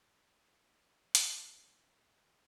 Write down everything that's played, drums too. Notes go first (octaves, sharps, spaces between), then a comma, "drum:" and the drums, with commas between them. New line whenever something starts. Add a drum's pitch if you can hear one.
D4 D#5, drum: hi-hat